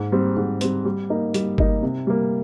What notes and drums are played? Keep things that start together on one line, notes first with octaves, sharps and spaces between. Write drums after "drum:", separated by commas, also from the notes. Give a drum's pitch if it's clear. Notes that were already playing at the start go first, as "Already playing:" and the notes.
Already playing: G#2
G3 C4
G#2
G3 C4, drum: hi-hat
G3
A#3 D#4
G3, drum: hi-hat
A#3 D#4, drum: kick G1
C3
G3 A#3